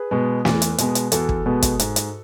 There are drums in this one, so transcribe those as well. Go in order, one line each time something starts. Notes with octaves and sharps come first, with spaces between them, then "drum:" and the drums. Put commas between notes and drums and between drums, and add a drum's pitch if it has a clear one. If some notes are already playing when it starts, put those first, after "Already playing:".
Already playing: G#4 B4
B2 G#3 B3
E2, drum: snare
drum: hi-hat
B2 G#3 B3, drum: hi-hat
drum: hi-hat
E2 F#4 A4, drum: hi-hat
drum: kick
B2 G#3 B3
drum: kick, hi-hat
G#2, drum: hi-hat
drum: hi-hat